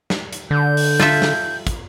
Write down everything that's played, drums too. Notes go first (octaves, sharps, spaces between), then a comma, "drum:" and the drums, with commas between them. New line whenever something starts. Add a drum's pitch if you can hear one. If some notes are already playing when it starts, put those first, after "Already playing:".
drum: snare
drum: hi-hat
D3 G6
drum: open hi-hat
F4 A4 E5, drum: snare
drum: snare
drum: kick, hi-hat